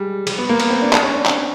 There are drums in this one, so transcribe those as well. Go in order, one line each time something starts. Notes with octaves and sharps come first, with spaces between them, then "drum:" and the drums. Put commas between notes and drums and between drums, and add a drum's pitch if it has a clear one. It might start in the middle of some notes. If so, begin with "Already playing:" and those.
Already playing: G3 G#3
G3, drum: cymbal
B3
A#3
B3, drum: cymbal
C4
D4
D4, drum: clap
C#4
D4
C4, drum: clap